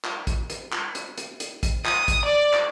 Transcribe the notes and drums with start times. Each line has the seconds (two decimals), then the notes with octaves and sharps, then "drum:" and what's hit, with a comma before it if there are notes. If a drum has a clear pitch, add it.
0.04 drum: clap
0.27 drum: kick A1, hi-hat
0.50 drum: hi-hat
0.72 drum: clap
0.95 drum: hi-hat
1.18 drum: hi-hat
1.40 drum: hi-hat
1.63 drum: kick A1, hi-hat
1.85 D#6, drum: clap
2.08 drum: kick A1, hi-hat
2.25 D5
2.53 drum: clap